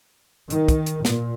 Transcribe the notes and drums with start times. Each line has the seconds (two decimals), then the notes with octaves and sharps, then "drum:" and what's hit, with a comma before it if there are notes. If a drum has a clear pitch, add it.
0.50 D#3, drum: hi-hat
0.68 drum: kick, hi-hat
0.86 drum: hi-hat
1.05 A#2, drum: snare